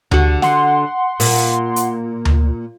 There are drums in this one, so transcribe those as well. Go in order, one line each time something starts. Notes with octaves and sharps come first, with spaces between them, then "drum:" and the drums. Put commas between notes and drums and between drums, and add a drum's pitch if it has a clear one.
D3 F#4, drum: tom D2
F#5 C6, drum: snare
A#2, drum: open hi-hat
drum: hi-hat
drum: tom D2